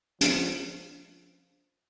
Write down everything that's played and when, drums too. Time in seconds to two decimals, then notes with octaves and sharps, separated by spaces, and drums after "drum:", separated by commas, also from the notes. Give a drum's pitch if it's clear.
0.21 F3, drum: hi-hat